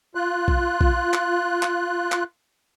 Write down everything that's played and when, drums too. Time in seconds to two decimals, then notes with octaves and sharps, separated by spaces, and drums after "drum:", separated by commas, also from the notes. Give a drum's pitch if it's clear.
0.15 F4 F#6
0.48 drum: kick B1
0.81 drum: kick B1
1.13 drum: clap
1.63 drum: clap
2.12 drum: clap